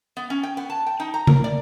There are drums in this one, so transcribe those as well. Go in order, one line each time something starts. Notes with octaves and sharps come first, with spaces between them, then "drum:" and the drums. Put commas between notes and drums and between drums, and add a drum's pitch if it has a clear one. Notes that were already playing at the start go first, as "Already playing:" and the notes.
B3
C#4
G5
B3
A5
G5
D#4
A#5
A#4, drum: tom C#3
D5